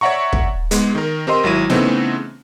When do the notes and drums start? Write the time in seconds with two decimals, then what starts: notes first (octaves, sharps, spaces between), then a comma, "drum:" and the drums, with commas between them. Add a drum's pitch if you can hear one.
0.01 C#5 D5 E5 F#5 A#5 C#6
0.33 drum: kick
0.71 G#2 G#3 B3, drum: hi-hat
0.95 D#3 A#4
1.27 C4 G4 A#4 D#5 C6
1.44 G#1 F#3 E4 D#7
1.70 C#3 E3 A3 B3 C4 D#4, drum: snare